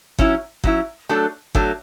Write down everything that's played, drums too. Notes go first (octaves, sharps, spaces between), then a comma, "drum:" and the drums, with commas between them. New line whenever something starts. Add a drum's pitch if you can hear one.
F#3 C#4 E4, drum: kick G1
F#3 C#4 E4, drum: kick G1
F#3 A3 D4 A4
F#3 A3 D4 A4, drum: kick G1